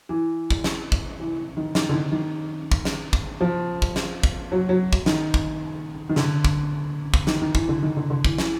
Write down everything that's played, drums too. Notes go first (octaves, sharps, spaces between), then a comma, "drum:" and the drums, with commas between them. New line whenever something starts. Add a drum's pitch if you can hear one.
E3
drum: kick
drum: snare
drum: kick
E3
D#3
D#3, drum: snare
D3
D#3
D#3
drum: kick
drum: snare
drum: kick
F3
drum: kick
drum: snare
drum: kick
F#3
F#3
drum: kick
D#3, drum: snare
drum: kick
D#3
D3, drum: snare
drum: kick
drum: kick
D#3, drum: snare
D#3
E3, drum: kick
D3
D#3
D3
D3
E3, drum: kick
E3, drum: snare